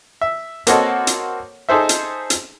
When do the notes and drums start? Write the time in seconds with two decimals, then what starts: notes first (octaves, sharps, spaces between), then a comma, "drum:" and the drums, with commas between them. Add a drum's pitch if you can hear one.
0.21 E5
0.67 A#3 C4 F#4 A4 C#5 D#5, drum: hi-hat
1.07 drum: hi-hat
1.69 D#4 G#4 A4 C5 E5
1.89 drum: hi-hat
2.30 drum: hi-hat